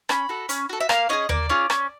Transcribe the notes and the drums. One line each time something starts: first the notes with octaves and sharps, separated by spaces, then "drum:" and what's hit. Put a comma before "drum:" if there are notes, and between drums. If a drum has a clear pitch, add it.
C#4 B5, drum: rim click
F#4 A4
C#4, drum: hi-hat
F#4 A4
E5
A#3 F5, drum: rim click
C#4 F4 G#4 D#5
A#3 D5, drum: tom D#2
C#4 F4 G#4
C#4, drum: rim click